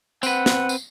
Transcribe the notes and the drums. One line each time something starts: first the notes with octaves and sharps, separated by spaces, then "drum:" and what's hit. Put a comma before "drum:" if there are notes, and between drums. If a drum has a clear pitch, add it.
C4 B4 F#5, drum: tambourine
drum: snare
drum: tambourine